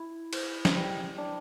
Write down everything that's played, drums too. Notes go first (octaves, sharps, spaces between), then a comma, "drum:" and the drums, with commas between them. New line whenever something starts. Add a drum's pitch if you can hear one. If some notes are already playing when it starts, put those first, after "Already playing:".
Already playing: E4
C5, drum: cymbal
drum: snare
G3
D4